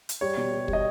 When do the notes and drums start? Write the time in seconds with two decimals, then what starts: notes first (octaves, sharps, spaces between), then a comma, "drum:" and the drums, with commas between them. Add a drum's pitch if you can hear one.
0.09 drum: hi-hat
0.21 G3 C#5
0.37 B2
0.53 G3
0.68 G3, drum: kick
0.73 D#5